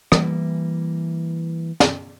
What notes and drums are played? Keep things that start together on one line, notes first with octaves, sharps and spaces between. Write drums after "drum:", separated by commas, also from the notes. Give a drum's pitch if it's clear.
E3 G3 A#3, drum: rim click
drum: snare